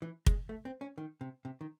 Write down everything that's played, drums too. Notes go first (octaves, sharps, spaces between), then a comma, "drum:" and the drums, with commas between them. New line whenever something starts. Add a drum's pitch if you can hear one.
E3
G#3, drum: kick
A3
C4
C#4
D#3
C3
C3
D#3